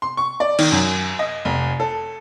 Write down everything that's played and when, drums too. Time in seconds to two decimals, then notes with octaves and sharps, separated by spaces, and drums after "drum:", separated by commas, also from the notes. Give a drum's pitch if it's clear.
0.02 C6
0.17 C#6
0.40 D5
0.59 D#3, drum: cymbal
0.72 F#2
1.19 D#5
1.45 F1
1.80 A4